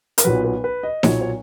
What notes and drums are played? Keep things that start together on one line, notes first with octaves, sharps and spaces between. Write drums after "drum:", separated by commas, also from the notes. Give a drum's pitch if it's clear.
A#4, drum: hi-hat
B1 A#2 F#3 B4
B4
B4
D#5
B1 A#2 F#3 C#5, drum: snare D#4
C#5